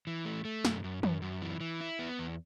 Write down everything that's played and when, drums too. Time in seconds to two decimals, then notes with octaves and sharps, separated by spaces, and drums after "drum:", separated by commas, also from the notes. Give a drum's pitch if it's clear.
0.07 E3
0.25 A3
0.45 A3
0.65 F#2, drum: snare
0.84 F#2
1.03 F#2, drum: tom D#3
1.22 F#2
1.42 E3
1.60 E3
1.81 E4
1.99 B3
2.19 E2